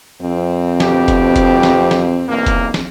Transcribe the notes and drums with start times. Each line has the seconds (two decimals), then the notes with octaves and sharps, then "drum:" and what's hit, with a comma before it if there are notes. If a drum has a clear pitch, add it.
0.22 F2 C4
0.80 D2 B2 G4, drum: snare
1.08 drum: kick F1, hi-hat
1.36 drum: kick F1, hi-hat
1.63 drum: snare
1.91 drum: snare
2.27 B1 E2 A#3
2.46 drum: kick F1, hi-hat
2.74 drum: snare